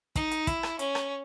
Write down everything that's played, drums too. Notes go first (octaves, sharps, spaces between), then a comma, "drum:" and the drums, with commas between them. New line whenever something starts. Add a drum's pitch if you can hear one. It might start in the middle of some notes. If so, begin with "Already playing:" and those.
D#4, drum: kick, hi-hat
drum: hi-hat
E4, drum: kick, hi-hat
drum: rim click
C#4, drum: hi-hat
drum: rim click